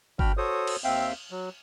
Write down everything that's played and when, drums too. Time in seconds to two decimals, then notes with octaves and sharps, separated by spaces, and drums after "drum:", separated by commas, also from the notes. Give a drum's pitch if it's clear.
0.19 D4 F#4 G5 B5 F6, drum: kick G1
0.37 F#4 A4 C5 C#5 D#6
0.67 drum: cymbal
0.84 D#2 C4 E5 F5 G5
1.31 F#3